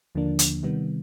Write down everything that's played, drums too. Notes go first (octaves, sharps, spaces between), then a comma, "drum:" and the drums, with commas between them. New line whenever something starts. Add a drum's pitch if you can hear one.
D#2 D3 F3 A#3 D4
drum: hi-hat
C3 D#3 G3 B3